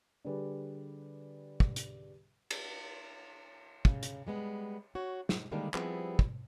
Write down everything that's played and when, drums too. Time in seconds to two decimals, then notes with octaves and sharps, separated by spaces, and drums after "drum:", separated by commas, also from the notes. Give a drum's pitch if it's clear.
0.25 D3 G3 G4 G#4 B4 D5
1.60 drum: kick
1.76 drum: hi-hat
2.51 drum: cymbal
3.85 C#3, drum: kick
4.03 drum: hi-hat
4.27 G3 G#3 B3
4.95 F#4 C#5
5.29 G#2, drum: snare
5.52 D3 D#3 G3 G#3 A#3 D4
5.74 F3 G3 B3 C4 E4 G#4, drum: clap
6.19 drum: kick